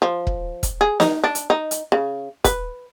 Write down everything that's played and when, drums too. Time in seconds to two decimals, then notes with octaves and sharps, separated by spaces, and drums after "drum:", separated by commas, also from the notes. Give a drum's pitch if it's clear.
0.02 F3
0.27 drum: kick
0.63 drum: kick, hi-hat
0.81 G#4
1.00 D#4, drum: snare
1.24 D4
1.35 drum: hi-hat
1.50 D#4
1.71 drum: hi-hat
1.92 C#3
2.44 B4, drum: kick, hi-hat